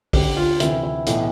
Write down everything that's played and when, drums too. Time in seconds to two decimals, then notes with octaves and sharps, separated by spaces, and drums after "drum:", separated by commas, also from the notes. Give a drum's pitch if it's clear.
0.13 D2 D3 G4, drum: kick A#1, open hi-hat
0.37 F4
0.60 D2 C3 E3 E4, drum: hi-hat
0.83 E4
1.06 B1 A2 E3, drum: hi-hat